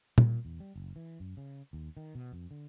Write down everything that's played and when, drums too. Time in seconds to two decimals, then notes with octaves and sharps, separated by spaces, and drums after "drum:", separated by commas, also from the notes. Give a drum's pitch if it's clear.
0.18 A#2, drum: tom
0.45 E2
0.60 G3
0.76 F#1
0.96 E3
1.20 F#2
1.37 C#3
1.73 D#2
1.97 D#3
2.15 B2
2.32 F2
2.51 D3